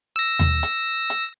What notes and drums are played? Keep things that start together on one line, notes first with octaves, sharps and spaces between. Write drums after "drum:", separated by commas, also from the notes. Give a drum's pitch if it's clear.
E6 A#6
drum: tom D#2
drum: hi-hat
drum: hi-hat